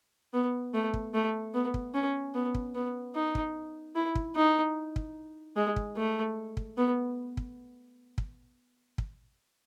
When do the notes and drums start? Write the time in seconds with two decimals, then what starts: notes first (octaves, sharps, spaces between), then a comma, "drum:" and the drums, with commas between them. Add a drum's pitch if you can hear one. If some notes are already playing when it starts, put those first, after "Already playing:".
0.33 B3
0.73 A3
0.94 drum: kick
1.14 A3
1.54 B3
1.74 drum: kick
1.94 C#4
2.34 B3
2.54 drum: kick
2.75 B3
3.15 D#4
3.35 drum: kick
3.95 E4
4.15 drum: kick
4.35 D#4
4.96 drum: kick
5.56 G#3
5.76 drum: kick
5.97 A3
6.57 drum: kick
6.77 B3
7.37 drum: kick
8.18 drum: kick
8.98 drum: kick